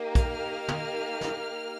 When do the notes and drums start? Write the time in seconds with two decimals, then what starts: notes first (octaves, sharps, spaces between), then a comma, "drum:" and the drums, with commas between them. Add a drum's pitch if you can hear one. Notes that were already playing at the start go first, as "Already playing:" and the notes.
Already playing: A#3 D#4 G4
0.15 F6, drum: kick, hi-hat
0.68 drum: tom
1.21 drum: snare